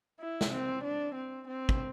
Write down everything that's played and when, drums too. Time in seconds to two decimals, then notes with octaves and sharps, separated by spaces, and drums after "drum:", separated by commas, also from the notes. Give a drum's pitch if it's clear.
0.20 E4
0.41 drum: snare
0.52 C4
0.84 D4
1.15 C4
1.48 C4
1.69 drum: kick